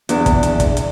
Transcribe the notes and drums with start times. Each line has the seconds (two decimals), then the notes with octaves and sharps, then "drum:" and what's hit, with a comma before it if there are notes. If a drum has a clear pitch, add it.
0.09 E2 D4, drum: hi-hat
0.26 drum: kick, hi-hat
0.43 drum: hi-hat
0.60 drum: kick, hi-hat
0.77 drum: hi-hat